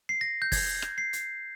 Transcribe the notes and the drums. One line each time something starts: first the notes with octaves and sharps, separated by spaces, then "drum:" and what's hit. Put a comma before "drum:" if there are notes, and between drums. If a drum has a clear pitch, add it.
C7
A#6
G6
G#6, drum: kick, open hi-hat
drum: rim click
C7
drum: hi-hat